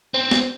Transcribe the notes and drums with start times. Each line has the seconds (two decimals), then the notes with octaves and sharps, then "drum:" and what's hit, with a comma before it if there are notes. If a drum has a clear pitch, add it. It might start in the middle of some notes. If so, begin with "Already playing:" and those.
0.14 C4
0.31 drum: snare